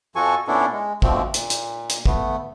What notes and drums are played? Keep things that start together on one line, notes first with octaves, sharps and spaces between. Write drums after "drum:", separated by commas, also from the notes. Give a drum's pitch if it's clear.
F2 F3 F#4 A4 G#5 C#6
A#2 B3 C#4 D4 E4 A4
G#3
B2 D3 F3 A3 C4, drum: kick
A#2, drum: hi-hat
drum: hi-hat
drum: hi-hat
A3 B3, drum: kick